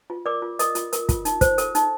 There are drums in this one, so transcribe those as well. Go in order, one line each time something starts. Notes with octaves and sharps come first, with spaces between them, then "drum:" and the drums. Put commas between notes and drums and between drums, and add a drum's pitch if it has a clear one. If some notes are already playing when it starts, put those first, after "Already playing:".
F4
A#4 D5 D6
F4
A#4 D#5 D#6, drum: hi-hat
F4, drum: hi-hat
A#4, drum: hi-hat
F4, drum: kick, hi-hat
D#4, drum: hi-hat
C5, drum: kick, hi-hat
A4, drum: hi-hat
D#4, drum: hi-hat